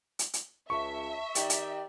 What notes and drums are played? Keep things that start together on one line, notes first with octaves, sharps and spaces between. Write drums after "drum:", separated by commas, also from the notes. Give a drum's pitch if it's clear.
drum: hi-hat
drum: hi-hat
C#2 E5 A5 C#6
D#3 D#4 G4 D5, drum: hi-hat
drum: hi-hat